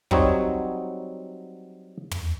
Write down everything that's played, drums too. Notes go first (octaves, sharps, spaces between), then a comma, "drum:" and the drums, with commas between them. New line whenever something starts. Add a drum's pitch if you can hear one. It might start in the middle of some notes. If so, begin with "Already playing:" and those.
F#3 G3 C4 D#4 F#4 C#5, drum: kick
drum: tom